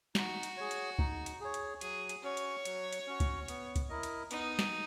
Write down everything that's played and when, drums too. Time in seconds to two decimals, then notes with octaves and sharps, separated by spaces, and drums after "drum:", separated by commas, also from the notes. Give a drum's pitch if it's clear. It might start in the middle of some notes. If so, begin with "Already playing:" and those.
0.15 D#4 F#4, drum: snare
0.43 drum: hi-hat
0.57 G#4 C#5
0.71 drum: hi-hat
0.99 D#4, drum: kick C#2
1.26 drum: hi-hat
1.41 G#4 C#5
1.54 drum: hi-hat
1.81 F#3 G#4, drum: hi-hat
2.09 drum: hi-hat
2.23 C#4 F#4 C#5
2.37 drum: hi-hat
2.65 F#3, drum: hi-hat
2.93 drum: hi-hat
3.07 C#4 F#4
3.20 drum: kick C#2, hi-hat
3.48 B3, drum: hi-hat
3.76 drum: kick C#2, hi-hat
3.89 E4 A#4 D#5
4.03 drum: hi-hat
4.31 B3 D#4, drum: hi-hat
4.59 drum: snare